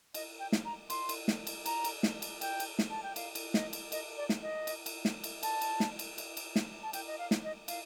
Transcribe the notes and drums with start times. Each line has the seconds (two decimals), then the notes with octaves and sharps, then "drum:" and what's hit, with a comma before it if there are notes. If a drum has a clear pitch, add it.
0.14 D#5, drum: cymbal
0.39 G5
0.52 drum: snare
0.65 A#5
0.90 C6, drum: cymbal
1.09 drum: cymbal
1.28 drum: snare
1.47 drum: cymbal
1.66 A#5, drum: cymbal
1.84 drum: cymbal
2.03 drum: snare
2.22 drum: cymbal
2.41 G5, drum: cymbal
2.60 drum: cymbal
2.79 drum: snare
2.90 A5
3.03 G5
3.16 F5, drum: cymbal
3.35 drum: cymbal
3.54 D#5, drum: snare
3.73 drum: cymbal
3.92 D#5, drum: cymbal
4.17 D5
4.29 drum: snare
4.42 D#5
4.67 drum: cymbal
4.86 drum: cymbal
5.05 drum: snare
5.24 drum: cymbal
5.43 A5, drum: cymbal
5.61 drum: cymbal
5.80 drum: snare
5.99 drum: cymbal
6.18 drum: cymbal
6.37 drum: cymbal
6.56 drum: snare
6.83 A5
6.93 G5, drum: cymbal
7.07 D#5
7.18 F5
7.31 drum: snare
7.44 D#5
7.68 F5, drum: cymbal